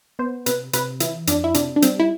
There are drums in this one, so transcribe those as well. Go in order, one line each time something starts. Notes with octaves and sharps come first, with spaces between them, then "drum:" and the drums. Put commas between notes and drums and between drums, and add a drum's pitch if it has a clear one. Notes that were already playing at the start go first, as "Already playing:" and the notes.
B3 C5
C3 B4, drum: hi-hat
C3 B4, drum: hi-hat
E3 E4, drum: hi-hat
F2 D4, drum: hi-hat
E4
C3 D4, drum: hi-hat
D4
G3 C4, drum: hi-hat
E4